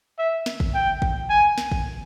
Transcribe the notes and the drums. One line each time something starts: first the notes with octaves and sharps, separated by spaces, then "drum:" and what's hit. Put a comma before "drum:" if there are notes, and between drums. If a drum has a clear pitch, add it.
E5
drum: snare
drum: kick
G5
drum: kick
G#5
drum: snare
drum: kick